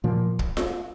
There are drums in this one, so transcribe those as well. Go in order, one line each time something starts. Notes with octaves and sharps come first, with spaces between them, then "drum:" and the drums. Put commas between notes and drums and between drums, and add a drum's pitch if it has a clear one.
A#2 F3 A#3
drum: kick
drum: snare F4